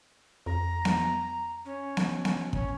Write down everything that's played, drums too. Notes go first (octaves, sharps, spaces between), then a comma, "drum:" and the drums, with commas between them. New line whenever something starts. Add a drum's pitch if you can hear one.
F2 A#5
drum: snare B3
C#4
drum: snare B3
drum: snare B3
C#4, drum: kick